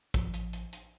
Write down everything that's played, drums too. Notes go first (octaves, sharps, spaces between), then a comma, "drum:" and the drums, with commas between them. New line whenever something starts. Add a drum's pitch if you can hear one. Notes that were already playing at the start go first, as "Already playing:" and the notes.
A1 F3, drum: kick, hi-hat
drum: hi-hat
drum: hi-hat
drum: hi-hat